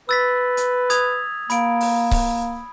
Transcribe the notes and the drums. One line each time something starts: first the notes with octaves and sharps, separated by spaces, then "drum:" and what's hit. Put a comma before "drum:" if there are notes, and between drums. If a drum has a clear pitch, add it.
B4 E6 A6 B6
drum: hi-hat
D#6 G#6 F7, drum: hi-hat
A#3 B5 D7, drum: hi-hat
drum: open hi-hat
drum: kick C#1, open hi-hat